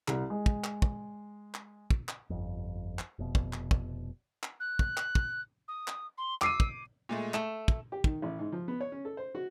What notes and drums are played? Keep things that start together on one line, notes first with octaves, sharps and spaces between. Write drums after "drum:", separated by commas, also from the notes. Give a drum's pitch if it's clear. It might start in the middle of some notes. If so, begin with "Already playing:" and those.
C2, drum: clap
G#3
drum: kick
drum: clap
drum: kick
drum: clap
drum: kick
drum: clap
G1 F2
drum: clap
F1 B2
drum: kick
drum: clap
drum: kick
drum: clap
F#6
drum: kick
drum: clap
drum: kick
D#6
drum: clap
C6
D6 E6 C7 D#7, drum: clap
drum: kick
A#2 G#3 A3
A3 E7, drum: clap
drum: kick
G4
D#3, drum: kick
A1
G#2
F3
B3
C#5
C#4
A4
C5
F#4